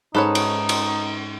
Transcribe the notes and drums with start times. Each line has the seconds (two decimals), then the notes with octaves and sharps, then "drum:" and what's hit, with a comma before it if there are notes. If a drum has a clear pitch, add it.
0.15 G#2 C#4 D#4 A4 B4 C#5
0.35 drum: cymbal
0.69 drum: cymbal